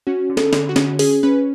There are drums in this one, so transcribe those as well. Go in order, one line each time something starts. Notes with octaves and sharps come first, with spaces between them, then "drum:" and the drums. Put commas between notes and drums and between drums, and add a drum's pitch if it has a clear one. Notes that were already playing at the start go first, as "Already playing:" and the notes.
C#4 F#4
D3
A4, drum: snare
D3, drum: snare
F#4
C#4, drum: snare
C#4 G#4, drum: open hi-hat
C#4 B4